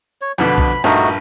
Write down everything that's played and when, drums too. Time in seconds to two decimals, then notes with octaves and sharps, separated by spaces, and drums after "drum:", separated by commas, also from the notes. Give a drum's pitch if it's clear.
0.21 C#5
0.38 F2 B2 D3 B5, drum: hi-hat
0.58 drum: kick
0.84 A#1 G2 A3 D#4 F#4